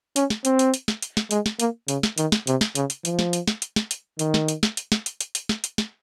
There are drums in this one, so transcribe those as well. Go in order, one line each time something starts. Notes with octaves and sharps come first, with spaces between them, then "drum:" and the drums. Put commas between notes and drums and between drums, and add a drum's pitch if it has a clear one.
C#4, drum: hi-hat
drum: snare
C4, drum: hi-hat
drum: hi-hat
drum: hi-hat
drum: snare
drum: hi-hat
drum: snare
G#3, drum: hi-hat
drum: snare
A#3, drum: hi-hat
C#3, drum: hi-hat
drum: snare
D#3, drum: hi-hat
drum: snare
C3, drum: hi-hat
drum: snare
C#3, drum: hi-hat
drum: hi-hat
F3, drum: hi-hat
drum: snare
drum: hi-hat
drum: snare
drum: hi-hat
drum: snare
drum: hi-hat
D#3, drum: hi-hat
drum: snare
drum: hi-hat
drum: snare
drum: hi-hat
drum: snare
drum: hi-hat
drum: hi-hat
drum: hi-hat
drum: snare
drum: hi-hat
drum: snare